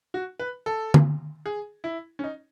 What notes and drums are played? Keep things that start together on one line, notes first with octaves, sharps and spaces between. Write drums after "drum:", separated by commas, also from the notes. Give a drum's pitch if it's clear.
F#4
B4
A4
drum: tom D3
G#4
E4
C#4
D#4